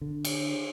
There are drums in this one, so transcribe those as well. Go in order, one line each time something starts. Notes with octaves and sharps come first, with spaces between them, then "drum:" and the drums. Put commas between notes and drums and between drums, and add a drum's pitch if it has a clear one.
D3
drum: cymbal